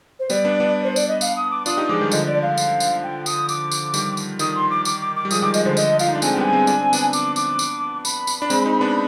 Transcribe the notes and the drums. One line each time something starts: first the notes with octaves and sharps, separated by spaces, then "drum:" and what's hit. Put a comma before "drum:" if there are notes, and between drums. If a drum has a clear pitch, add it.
C5
G3 B3 D5, drum: tambourine
B3 D4
B3 D4
C5
D5, drum: tambourine
D#5
F5, drum: tambourine
D#6
D6
D4 F4 D#6, drum: tambourine
D#4 G4
F3 G#3 D6
D#3 G3
D3 F3 D#5, drum: tambourine
D5
F5
drum: tambourine
drum: tambourine
G5
D#6, drum: tambourine
D6, drum: tambourine
drum: tambourine
D#3 G3, drum: tambourine
drum: tambourine
D#3 G3 D#6, drum: tambourine
C6
D6
D6, drum: tambourine
D6
D6
G3
F3 G#3 D#6, drum: tambourine
D#3 G3 D6
F3 G#3 D#5, drum: tambourine
D3 F3 C5
D#5, drum: tambourine
F4 F5, drum: tambourine
D#4
D4
G#3 C4 G#5, drum: tambourine
G5
G3 B3 G#5
G#3 C4
D4, drum: tambourine
C4
B3 D4, drum: tambourine
D6, drum: tambourine
D6, drum: tambourine
drum: tambourine
B5, drum: tambourine
drum: tambourine
D4
G#3 C4, drum: tambourine
C4 D#4
B3 D4